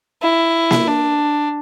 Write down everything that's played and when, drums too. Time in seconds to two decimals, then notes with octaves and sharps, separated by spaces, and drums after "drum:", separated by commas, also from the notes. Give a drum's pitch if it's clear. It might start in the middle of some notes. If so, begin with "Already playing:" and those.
0.22 E4
0.71 drum: snare A#3
0.87 D4